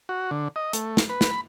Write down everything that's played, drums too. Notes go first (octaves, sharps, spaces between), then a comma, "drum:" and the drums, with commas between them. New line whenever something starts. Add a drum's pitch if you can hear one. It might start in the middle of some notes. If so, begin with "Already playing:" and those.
F#4
D3
D#5
A3, drum: hi-hat
drum: snare
B4
drum: snare
B5